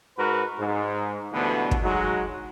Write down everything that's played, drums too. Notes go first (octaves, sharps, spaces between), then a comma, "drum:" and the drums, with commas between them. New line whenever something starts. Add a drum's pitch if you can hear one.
G#2 F#4 A#4 B4
G#2
D2 G2 B2 D3 E3 B3
drum: kick
F#3 G#3 D#4 F#4